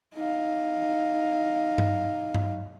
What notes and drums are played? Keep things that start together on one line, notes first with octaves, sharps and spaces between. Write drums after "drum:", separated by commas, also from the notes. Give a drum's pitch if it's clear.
D#4 F5
drum: tom G2
drum: tom G2